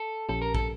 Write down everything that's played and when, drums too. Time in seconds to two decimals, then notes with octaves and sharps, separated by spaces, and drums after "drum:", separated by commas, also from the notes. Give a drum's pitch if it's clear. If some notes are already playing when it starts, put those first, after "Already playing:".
Already playing: A4
0.29 A#1 A#2 F3 C#4 G4 A4
0.42 A#4
0.55 A4, drum: kick